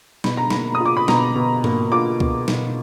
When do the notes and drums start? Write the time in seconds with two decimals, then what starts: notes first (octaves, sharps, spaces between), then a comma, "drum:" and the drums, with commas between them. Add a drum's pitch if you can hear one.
0.24 B2 B5, drum: snare
0.37 A#5
0.50 A#3 B5, drum: snare
0.75 D#6
0.80 F4
0.85 D6
0.97 B5
1.08 B2 A#5, drum: snare
1.35 B2
1.64 A#3, drum: tom G#2
1.92 F4 D6
2.20 B2, drum: kick C#2
2.48 B2, drum: snare